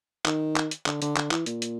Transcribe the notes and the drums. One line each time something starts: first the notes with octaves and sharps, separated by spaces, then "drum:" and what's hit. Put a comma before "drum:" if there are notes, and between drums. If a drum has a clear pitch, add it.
D#3, drum: clap
drum: clap
drum: hi-hat
D3, drum: clap
D3, drum: hi-hat
D3, drum: clap
E3, drum: clap
A#2, drum: hi-hat
drum: hi-hat